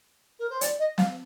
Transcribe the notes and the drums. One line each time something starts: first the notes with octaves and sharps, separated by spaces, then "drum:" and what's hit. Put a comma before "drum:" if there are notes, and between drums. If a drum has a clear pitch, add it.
A#4
C5
D5, drum: hi-hat
D#5
F5, drum: snare